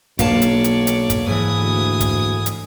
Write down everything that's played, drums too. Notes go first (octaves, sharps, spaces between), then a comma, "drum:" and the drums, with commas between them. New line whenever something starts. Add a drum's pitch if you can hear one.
B1 A#3 D4 C#5 D5 F5 A5, drum: kick, hi-hat
drum: hi-hat
drum: hi-hat
drum: hi-hat
drum: kick, hi-hat
G#2 E3 G#5 D#6
D2
drum: kick, hi-hat
drum: hi-hat